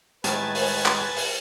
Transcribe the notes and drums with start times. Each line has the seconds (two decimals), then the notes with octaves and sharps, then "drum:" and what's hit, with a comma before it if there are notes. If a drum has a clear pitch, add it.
0.24 A2 D#3 G3 G#3 B4 G#5 A5, drum: hi-hat
0.55 drum: open hi-hat
0.86 drum: clap
1.16 drum: open hi-hat